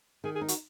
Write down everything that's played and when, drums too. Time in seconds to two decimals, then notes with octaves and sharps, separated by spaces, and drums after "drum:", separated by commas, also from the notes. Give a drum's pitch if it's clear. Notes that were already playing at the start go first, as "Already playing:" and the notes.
0.24 D#3 G#4
0.35 G#4
0.41 D#4
0.48 F#4, drum: hi-hat